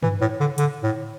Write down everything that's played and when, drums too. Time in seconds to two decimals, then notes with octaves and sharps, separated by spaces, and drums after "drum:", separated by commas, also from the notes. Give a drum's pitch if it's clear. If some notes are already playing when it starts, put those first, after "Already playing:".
0.03 E3, drum: tom G2
0.21 A2
0.40 D3
0.58 D3, drum: hi-hat
0.83 A2